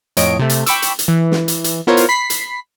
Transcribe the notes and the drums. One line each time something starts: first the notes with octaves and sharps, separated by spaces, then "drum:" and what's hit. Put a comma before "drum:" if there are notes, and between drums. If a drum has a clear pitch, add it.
F2 A2 C#5 D#5 D7, drum: hi-hat
C3 A3
drum: hi-hat
G5 B5 C#6 D6 E6, drum: hi-hat
drum: hi-hat
drum: hi-hat
E3
drum: snare
drum: hi-hat
drum: hi-hat
B3 E4 F4 A#4 C5 C#5
drum: hi-hat
B5 B6 C7
drum: hi-hat